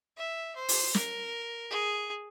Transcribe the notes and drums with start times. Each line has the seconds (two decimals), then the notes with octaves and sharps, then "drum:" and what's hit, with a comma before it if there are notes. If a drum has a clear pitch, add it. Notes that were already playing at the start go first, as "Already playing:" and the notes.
0.17 E5
0.56 C5
0.69 drum: open hi-hat
0.94 A#4, drum: snare
1.71 G#4